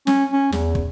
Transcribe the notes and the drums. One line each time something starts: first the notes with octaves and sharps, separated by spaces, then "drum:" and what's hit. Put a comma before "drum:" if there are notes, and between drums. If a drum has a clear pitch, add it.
C#4, drum: snare
C#4
E2, drum: snare
drum: kick